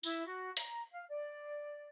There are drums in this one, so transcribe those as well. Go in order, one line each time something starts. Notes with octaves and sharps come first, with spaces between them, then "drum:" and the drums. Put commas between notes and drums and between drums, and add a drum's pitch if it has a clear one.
E4, drum: tambourine
F#4
A#5, drum: hi-hat
F5
D5